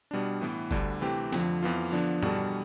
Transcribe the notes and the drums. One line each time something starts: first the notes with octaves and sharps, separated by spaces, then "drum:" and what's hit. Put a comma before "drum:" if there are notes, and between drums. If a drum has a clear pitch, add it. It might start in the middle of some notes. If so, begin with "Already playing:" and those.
B2 G3 D4
A2 E3 B3
D2 D3 G3 D4, drum: kick F#1
C3 E3 A3 C4 G4
F2 D3 F3, drum: snare
F2 E3 B3 F4
D3 F3 B3 D4
E2 B2 G3 D4 A4, drum: tom